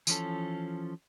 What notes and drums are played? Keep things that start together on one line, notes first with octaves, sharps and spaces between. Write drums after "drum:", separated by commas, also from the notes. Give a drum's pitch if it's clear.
E3 F3 C#4 A4, drum: tambourine